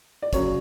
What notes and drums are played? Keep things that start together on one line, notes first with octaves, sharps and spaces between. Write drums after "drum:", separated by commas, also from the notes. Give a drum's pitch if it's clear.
D5
C#3 F#3 C#4 C#5, drum: kick, hi-hat